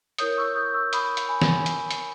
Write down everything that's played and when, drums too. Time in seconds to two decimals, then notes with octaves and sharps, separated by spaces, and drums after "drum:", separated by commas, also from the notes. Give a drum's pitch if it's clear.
0.18 E4 A#4 C#5 D#6 G6, drum: hi-hat
0.38 C#6 E6
0.55 D#6 G6
0.74 C#6 E6
0.93 B5 D#6, drum: hi-hat
1.17 drum: hi-hat
1.29 G#5 B5
1.42 drum: snare
1.66 drum: hi-hat
1.91 drum: hi-hat